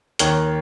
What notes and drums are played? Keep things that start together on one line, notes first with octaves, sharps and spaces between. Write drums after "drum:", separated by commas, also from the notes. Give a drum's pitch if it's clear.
D#2 D#3 A#4 C#5, drum: hi-hat